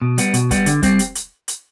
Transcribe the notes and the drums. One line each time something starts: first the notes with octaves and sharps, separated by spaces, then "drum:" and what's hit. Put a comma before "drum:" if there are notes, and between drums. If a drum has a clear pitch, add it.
B2
G3 B3, drum: hi-hat
B2, drum: hi-hat
G3 B3, drum: kick, hi-hat
D3, drum: hi-hat
G3 C4, drum: kick, hi-hat
drum: hi-hat
drum: hi-hat
drum: hi-hat